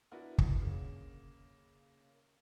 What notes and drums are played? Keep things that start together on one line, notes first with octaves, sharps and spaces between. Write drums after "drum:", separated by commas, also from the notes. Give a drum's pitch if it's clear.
B3 D4 E4 F#4 A#4
drum: kick
C#3 A#3